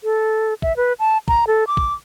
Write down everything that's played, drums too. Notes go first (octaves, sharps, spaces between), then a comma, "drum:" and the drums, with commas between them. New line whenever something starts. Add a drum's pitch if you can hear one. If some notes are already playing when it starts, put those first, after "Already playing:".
A4
E5, drum: kick
B4
A5
A#5, drum: kick
A4
D6
drum: kick